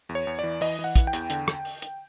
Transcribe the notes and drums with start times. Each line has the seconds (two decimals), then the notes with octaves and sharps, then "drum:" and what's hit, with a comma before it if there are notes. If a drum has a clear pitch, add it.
0.09 E2
0.15 C#5
0.27 E2
0.39 E3 D5
0.61 E3 D#5, drum: open hi-hat
0.79 E3
0.84 F#5
0.96 E3, drum: kick, hi-hat
1.07 G5
1.13 E2, drum: hi-hat
1.30 D3, drum: hi-hat
1.48 drum: rim click
1.65 drum: open hi-hat
1.82 drum: hi-hat